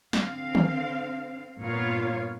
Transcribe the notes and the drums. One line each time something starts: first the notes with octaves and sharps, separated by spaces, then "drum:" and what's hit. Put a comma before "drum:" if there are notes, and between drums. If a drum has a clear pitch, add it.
D3 C4 F5, drum: snare
drum: tom D#3
G2 A#2 B3 F4 C#5 F5